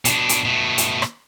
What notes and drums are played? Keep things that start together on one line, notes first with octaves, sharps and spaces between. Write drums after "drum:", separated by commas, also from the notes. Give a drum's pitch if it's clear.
B2 D4, drum: hi-hat
drum: hi-hat
B2 A3
drum: hi-hat
drum: rim click